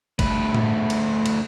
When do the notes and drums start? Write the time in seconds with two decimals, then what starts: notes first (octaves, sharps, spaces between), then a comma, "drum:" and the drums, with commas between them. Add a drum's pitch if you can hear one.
0.19 D2 B4, drum: kick, cymbal
0.54 drum: tom A2
0.90 drum: cymbal
1.26 drum: cymbal